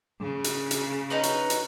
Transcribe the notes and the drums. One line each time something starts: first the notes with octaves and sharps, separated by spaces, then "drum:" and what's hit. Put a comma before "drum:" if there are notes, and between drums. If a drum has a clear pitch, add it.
C#3
drum: hi-hat
drum: hi-hat
C#4 D#4 B4
drum: hi-hat
drum: hi-hat